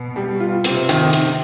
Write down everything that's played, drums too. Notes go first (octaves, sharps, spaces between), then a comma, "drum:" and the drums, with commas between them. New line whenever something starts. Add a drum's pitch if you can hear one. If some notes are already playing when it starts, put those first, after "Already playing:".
Already playing: B2
G3
F4
C3 C4, drum: hi-hat
D#3, drum: hi-hat
D#3, drum: hi-hat